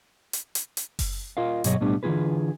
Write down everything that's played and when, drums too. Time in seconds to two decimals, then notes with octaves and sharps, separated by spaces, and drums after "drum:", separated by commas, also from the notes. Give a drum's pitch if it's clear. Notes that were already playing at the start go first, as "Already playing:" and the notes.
0.33 drum: hi-hat
0.55 drum: hi-hat
0.77 drum: hi-hat
0.99 drum: kick F#1, open hi-hat
1.37 F4 A#4 D#5 F5
1.64 G2 B2 F#3 G#4 C#5 D#5, drum: hi-hat
1.80 B1 A2 G3 B3 D4
2.03 D3 E3 C4 F4 G#4 B4